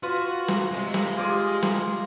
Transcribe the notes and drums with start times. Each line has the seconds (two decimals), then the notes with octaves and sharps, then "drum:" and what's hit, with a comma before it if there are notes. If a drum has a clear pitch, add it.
0.03 F4 F#4 B4
0.48 drum: snare
0.71 C3 G#3 D#5
0.94 drum: snare
1.17 F4 G4 G#4 D6
1.63 drum: snare